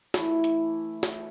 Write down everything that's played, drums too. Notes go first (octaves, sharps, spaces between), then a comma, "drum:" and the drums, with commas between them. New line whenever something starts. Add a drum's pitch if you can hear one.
E3 A3 E4, drum: snare
drum: hi-hat
drum: snare